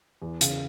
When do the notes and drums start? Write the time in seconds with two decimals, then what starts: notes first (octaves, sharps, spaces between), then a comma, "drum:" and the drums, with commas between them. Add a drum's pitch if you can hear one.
0.22 E2
0.41 C#3, drum: hi-hat